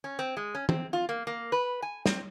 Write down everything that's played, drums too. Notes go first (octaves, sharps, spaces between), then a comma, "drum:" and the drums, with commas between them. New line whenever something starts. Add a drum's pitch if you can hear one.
C#4
C4
G#3
C#4
C4, drum: tom
F4
A#3
A#3
B4
G#5
C4, drum: snare